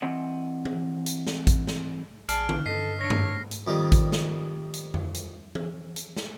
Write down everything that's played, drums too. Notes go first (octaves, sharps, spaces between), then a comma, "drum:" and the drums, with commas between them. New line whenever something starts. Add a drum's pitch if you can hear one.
E3 C4 D#5 F#5
drum: tom E3
drum: hi-hat
drum: snare
drum: kick A1, hi-hat
drum: snare
A#1 G#4 D5 A5 F6, drum: hi-hat
drum: tom D3
G2 A4 D#5 B6 C7
D3 D4 C#5 A#6
drum: tom G2
drum: hi-hat
F2 D#3 G3
drum: kick A1, hi-hat
drum: snare
drum: hi-hat
drum: tom F2
drum: hi-hat
drum: tom E3
drum: hi-hat
drum: snare